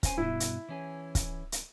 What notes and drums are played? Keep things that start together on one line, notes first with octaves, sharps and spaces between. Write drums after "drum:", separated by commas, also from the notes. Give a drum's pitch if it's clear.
C#4 C5 G#5, drum: kick, hi-hat
G2 B2 E4
drum: hi-hat
E3 C#4 G#4
drum: kick, hi-hat
drum: hi-hat